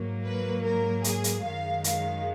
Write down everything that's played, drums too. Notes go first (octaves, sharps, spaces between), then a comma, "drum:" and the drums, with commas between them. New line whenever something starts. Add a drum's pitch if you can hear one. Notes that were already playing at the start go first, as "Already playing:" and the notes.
Already playing: G#2 F#3 A#3
B4
A#4
G#4, drum: hi-hat
drum: hi-hat
F#2 D#3 G#3 F5
F5, drum: hi-hat